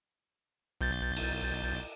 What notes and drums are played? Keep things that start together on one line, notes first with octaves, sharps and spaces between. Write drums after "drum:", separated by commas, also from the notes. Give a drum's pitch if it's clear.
B1 G6 A6
drum: cymbal